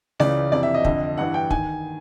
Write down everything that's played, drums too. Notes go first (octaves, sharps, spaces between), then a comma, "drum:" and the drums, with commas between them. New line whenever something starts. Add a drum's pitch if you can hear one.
C#2 C#3 E3 D5, drum: snare A3
F2 C3 E3 D5
E5
D#5
F2 D3, drum: kick
G2 E3 F#5
G5
D#3 G#5, drum: kick